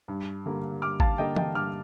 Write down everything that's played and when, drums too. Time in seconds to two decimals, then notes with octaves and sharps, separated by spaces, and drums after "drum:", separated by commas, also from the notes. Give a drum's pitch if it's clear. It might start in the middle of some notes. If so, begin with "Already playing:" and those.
0.08 G2
0.46 D3 G3 A#3
0.82 G2 D6 F6
1.00 F5 A5, drum: kick G#1
1.18 D3 G3 A#3 D#5 G5
1.36 D#5 G5, drum: tom E3
1.55 G2 D6 F6